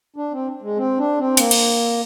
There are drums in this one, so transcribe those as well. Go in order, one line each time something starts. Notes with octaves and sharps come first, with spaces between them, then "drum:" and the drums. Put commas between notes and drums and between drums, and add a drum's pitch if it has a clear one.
D4
C4
G#3
C4
D4
C4
A#3, drum: hi-hat
drum: cymbal